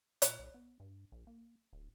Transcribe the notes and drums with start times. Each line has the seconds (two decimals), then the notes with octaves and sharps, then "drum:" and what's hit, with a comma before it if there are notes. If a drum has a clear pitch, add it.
0.22 A#2, drum: hi-hat
0.39 B1
0.54 B3
0.80 G2
1.12 A#1
1.27 A#3
1.73 D1